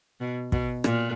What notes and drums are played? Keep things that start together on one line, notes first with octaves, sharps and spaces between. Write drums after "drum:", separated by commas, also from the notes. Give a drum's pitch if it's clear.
B2
B2, drum: kick
A#2, drum: rim click